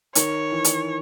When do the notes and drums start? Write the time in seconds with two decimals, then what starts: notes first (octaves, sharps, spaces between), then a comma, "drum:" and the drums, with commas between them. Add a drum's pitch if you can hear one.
0.15 D#3 C#5, drum: hi-hat
0.52 E3
0.64 drum: hi-hat